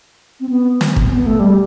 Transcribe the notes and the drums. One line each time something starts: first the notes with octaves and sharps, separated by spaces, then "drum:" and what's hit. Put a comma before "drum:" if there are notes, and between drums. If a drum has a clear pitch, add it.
C4
B3
drum: snare
drum: kick
B3
A3
G3